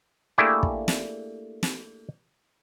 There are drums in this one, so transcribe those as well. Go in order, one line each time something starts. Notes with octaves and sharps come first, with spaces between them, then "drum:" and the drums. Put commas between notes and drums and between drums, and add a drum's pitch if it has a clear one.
A3 A#3 D4 E4 G4 G#4
drum: kick
drum: snare
drum: snare